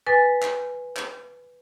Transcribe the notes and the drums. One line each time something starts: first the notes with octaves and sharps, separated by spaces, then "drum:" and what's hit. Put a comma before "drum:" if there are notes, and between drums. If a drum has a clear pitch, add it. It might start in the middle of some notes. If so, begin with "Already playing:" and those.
B4 G#5 A6
drum: clap
drum: clap